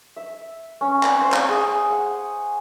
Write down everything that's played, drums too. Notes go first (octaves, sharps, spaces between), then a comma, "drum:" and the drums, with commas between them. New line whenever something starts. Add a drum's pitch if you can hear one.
E5
C#4
drum: clap
C5
drum: clap
G#4
F#5